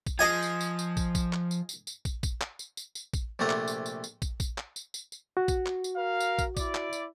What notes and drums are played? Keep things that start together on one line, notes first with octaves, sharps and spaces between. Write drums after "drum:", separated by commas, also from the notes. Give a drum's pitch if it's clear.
drum: kick, tambourine
F3 G#4 D#5 G#5
drum: tambourine
drum: tambourine
drum: tambourine
drum: kick, tambourine
drum: kick, tambourine
drum: clap
drum: tambourine
drum: tambourine
drum: tambourine
drum: kick, tambourine
drum: kick, tambourine
drum: clap
drum: tambourine
drum: tambourine
drum: tambourine
drum: kick, tambourine
A#1 C3 A3 F#5 A#5
drum: clap
drum: tambourine
drum: tambourine
drum: tambourine
drum: kick, tambourine
drum: kick, tambourine
drum: clap
drum: tambourine
drum: tambourine
drum: tambourine
F#4
drum: kick, tambourine
drum: clap
drum: tambourine
A#4 F5
drum: tambourine
drum: kick, tambourine
E4 D5, drum: kick, tambourine
drum: clap
drum: tambourine